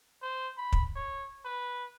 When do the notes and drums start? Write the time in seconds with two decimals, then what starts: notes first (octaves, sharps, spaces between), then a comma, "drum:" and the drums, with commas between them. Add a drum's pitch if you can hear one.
0.22 C5
0.58 B5
0.73 drum: kick
0.95 C#5
1.45 B4